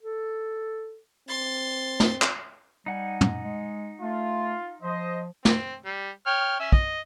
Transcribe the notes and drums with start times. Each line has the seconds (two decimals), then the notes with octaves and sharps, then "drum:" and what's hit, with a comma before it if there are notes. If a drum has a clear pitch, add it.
0.03 A4
1.28 C4 C6 A6
2.00 drum: snare
2.22 drum: clap
2.86 G3 D#4 F#5 G#5
3.21 drum: tom
3.43 G#3
4.01 A3 F4
4.82 F3 C5 D#5
5.45 C4, drum: snare
5.85 G3
6.26 C#5 G5 F6
6.60 C#4 E5
6.72 D#5, drum: kick